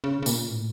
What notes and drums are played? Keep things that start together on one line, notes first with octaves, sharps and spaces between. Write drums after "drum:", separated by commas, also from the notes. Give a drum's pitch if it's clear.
C#3
C#3
A#2, drum: tambourine
A2